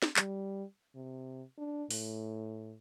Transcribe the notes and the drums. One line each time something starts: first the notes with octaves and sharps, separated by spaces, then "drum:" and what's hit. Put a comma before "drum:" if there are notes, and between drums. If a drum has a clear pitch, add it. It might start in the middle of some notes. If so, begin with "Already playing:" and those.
drum: snare
G3, drum: clap
C3
D4
A2, drum: open hi-hat